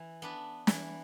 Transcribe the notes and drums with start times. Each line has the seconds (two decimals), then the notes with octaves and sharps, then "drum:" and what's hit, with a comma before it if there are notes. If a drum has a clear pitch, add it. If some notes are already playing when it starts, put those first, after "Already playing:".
Already playing: E3
0.22 B3 D4 B4
0.67 E3, drum: snare